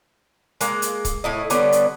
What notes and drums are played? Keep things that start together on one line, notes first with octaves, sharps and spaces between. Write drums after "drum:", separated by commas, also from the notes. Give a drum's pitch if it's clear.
G#3 A#3, drum: hi-hat
drum: hi-hat
drum: kick C#1, hi-hat
A2 E4 D#5
D3 G3 B3 C#4, drum: hi-hat
drum: hi-hat